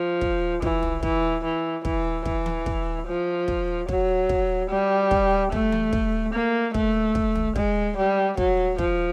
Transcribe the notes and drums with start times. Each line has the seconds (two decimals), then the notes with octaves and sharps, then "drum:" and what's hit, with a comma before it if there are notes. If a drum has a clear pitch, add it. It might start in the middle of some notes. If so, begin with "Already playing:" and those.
Already playing: F3
0.21 drum: kick
0.62 E3, drum: kick
0.83 drum: tom
1.03 E3, drum: kick
1.44 E3
1.85 E3, drum: kick
2.26 E3, drum: kick
2.46 drum: tom E3
2.66 drum: kick
3.07 F3
3.48 drum: kick
3.89 F#3, drum: kick
4.29 drum: kick
4.70 G3
5.11 drum: kick
5.52 A3, drum: kick
5.72 drum: tom E3
5.93 drum: kick
6.33 A#3
6.74 A3, drum: kick
7.15 drum: kick
7.35 drum: tom
7.56 G#3, drum: kick
7.97 G3
8.37 F#3, drum: kick
8.79 F3, drum: kick